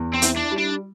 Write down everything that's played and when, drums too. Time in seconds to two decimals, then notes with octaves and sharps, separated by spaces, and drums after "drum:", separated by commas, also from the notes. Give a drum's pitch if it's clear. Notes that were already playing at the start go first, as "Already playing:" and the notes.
Already playing: E2
0.13 C4
0.22 E4, drum: hi-hat
0.36 D4
0.51 G3
0.58 D4